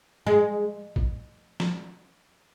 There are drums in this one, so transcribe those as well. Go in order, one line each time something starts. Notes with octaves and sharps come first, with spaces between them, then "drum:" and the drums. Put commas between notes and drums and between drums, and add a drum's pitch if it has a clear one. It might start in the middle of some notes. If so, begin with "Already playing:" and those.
G#3
drum: kick
drum: snare